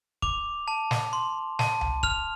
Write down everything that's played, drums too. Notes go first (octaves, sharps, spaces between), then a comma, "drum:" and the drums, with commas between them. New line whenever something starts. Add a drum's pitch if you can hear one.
D6 F7, drum: kick
A5
drum: snare
C6
A5, drum: snare
drum: tom C2
F6 F7, drum: kick